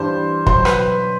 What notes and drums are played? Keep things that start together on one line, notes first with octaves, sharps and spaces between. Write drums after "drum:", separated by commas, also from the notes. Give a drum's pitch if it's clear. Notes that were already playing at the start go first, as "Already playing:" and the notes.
Already playing: G2 E3 G3 C5
B2 F#3 C5, drum: kick
B4, drum: rim click